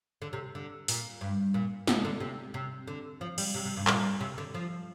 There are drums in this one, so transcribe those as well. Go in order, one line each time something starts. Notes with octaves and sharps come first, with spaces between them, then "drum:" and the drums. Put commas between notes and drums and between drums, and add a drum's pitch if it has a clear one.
D3
C3
D3
A#2, drum: open hi-hat
G2
A#2
C3, drum: snare
D3
C3
C3
D3
F3
G3, drum: cymbal
C3
C3
G2
A#2, drum: clap
C3
D3
F3